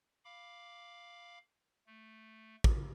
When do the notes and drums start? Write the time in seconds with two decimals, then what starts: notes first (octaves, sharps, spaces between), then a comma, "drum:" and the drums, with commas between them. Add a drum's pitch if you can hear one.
0.25 F5 B5 D6
1.87 A3
2.64 drum: kick